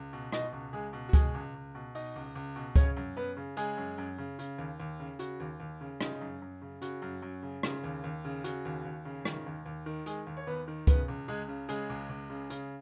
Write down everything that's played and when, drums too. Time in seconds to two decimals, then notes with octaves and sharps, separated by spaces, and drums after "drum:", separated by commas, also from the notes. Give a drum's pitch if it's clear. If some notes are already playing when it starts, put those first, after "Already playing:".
Already playing: C#2
0.13 B2
0.32 B2 D#4 D#5, drum: rim click
0.53 C#2
0.73 C#2 G#3 G#4
0.93 B2
1.09 F#4
1.13 B2 G#3 G#4, drum: kick C#2, hi-hat
1.34 C#2
1.55 C#2
1.75 B2
1.95 B2 D#4 D#5, drum: open hi-hat
2.16 C#2
2.35 C#2
2.56 B2
2.76 C#3 C#4 C#5, drum: kick C#2, hi-hat
2.96 F#2
3.16 F#2 B3 B4
3.37 C#3
3.57 C#3 G#3 G#4, drum: hi-hat
3.77 F#2
3.98 F#2
4.18 C#3
4.39 C#3, drum: hi-hat
4.58 D#2
4.80 D#2
5.00 C#3
5.19 C#3 F#4, drum: hi-hat
5.40 D#2
5.60 D#2
5.81 C#3
6.01 C#3 D#4, drum: rim click
6.21 F#2
6.42 F#2
6.62 C#3
6.81 C#3 F#4, drum: hi-hat
7.02 F#2
7.22 F#2
7.43 C#3
7.63 C#3, drum: rim click
7.84 D#2
8.04 D#2
8.25 C#3
8.44 C#3 F#4, drum: hi-hat
8.65 D#2
8.85 D#2
9.05 C#3
9.25 D#3, drum: rim click
9.46 D#2
9.66 D#2
9.86 D#3
10.06 D#3 G#3 G#4, drum: hi-hat
10.27 D#2
10.37 C#5
10.47 D#2 B3 B4
10.68 D#3
10.87 C#3 B3 B4, drum: kick C#2, hi-hat
11.08 C#2
11.28 C#2 G#3 G#4
11.48 C#3
11.69 C#3 G#3 G#4, drum: hi-hat
11.90 C#2
12.09 C#2
12.30 C#3
12.50 C#3, drum: hi-hat